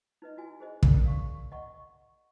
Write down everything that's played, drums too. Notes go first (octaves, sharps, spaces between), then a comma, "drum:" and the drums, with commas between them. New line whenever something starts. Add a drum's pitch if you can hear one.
D#4 B4 D#5
E4 F#4 G#5
F#4 G#4 C5 D#5
A#4 D5, drum: kick
F5 C#6
D#5 F#5 C#6